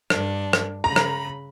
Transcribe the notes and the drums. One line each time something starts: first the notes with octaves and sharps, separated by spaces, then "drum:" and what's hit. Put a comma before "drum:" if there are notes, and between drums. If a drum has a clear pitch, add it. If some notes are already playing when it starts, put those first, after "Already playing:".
G2 D4, drum: rim click
drum: rim click
C#3 A#5 B5
drum: rim click